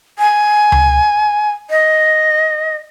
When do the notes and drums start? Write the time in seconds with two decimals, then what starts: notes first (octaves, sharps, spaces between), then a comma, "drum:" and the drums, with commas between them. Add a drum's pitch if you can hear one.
0.19 G#5
0.72 drum: tom C#2
1.70 D#5